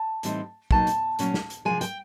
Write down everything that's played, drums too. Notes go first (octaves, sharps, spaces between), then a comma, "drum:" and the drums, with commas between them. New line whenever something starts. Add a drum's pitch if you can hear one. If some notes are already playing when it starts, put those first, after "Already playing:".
Already playing: A5
A2 E3 G3 C4 D#4, drum: hi-hat
B2 F#3 A#3 D#4 A5, drum: kick
drum: hi-hat
A#2 F#3 A#3 C#4, drum: hi-hat
drum: snare
drum: hi-hat
C3 F3 G#3 G#5
G5, drum: hi-hat